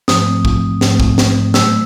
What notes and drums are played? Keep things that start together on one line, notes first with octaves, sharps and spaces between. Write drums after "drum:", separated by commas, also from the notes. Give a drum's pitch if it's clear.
G#2 F3 A3 C4 D#6, drum: snare
drum: kick
G#2 F3 A3 C4, drum: snare
drum: kick
drum: snare
A2 F#3 A3 E6, drum: snare